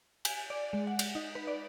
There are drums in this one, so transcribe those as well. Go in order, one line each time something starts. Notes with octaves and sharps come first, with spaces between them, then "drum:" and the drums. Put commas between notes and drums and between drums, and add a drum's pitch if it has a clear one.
G#5, drum: cymbal
D5
G#3
F#5
drum: cymbal
D#4
B4
D5